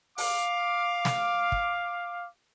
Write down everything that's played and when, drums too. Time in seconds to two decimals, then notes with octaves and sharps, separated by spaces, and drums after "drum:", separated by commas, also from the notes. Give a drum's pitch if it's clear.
0.18 F5 D6, drum: open hi-hat
1.05 drum: snare
1.52 drum: kick